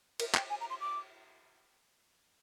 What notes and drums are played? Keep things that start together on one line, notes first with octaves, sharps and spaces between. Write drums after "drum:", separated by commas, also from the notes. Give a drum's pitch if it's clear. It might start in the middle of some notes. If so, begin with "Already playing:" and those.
A#4, drum: cymbal
G5, drum: clap
G#5
A#5
C6
D6